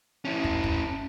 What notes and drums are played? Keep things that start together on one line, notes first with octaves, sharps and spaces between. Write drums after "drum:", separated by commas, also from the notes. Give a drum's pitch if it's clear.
C#4 E4
drum: kick
drum: kick